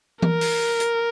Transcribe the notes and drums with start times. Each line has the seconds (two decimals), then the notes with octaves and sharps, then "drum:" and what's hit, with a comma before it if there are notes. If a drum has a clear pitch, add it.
0.22 A#4, drum: tom E3
0.41 drum: open hi-hat
0.80 drum: hi-hat